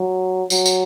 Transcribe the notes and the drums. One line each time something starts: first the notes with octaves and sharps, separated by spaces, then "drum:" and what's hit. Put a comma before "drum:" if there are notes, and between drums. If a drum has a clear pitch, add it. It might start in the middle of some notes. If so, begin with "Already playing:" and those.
Already playing: F#3
F#3, drum: tambourine
drum: tambourine